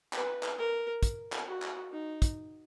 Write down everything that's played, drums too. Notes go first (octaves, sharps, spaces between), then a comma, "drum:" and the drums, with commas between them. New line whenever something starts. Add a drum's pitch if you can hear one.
B4, drum: clap
drum: clap
A#4
drum: kick, hi-hat
drum: clap
F#4
drum: clap
D#4
drum: kick, hi-hat